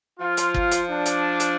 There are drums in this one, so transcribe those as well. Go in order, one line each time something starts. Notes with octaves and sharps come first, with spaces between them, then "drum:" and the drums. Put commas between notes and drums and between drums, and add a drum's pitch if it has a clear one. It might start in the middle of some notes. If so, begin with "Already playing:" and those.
F3 F4
drum: hi-hat
drum: kick G1
drum: hi-hat
D4
drum: hi-hat
drum: hi-hat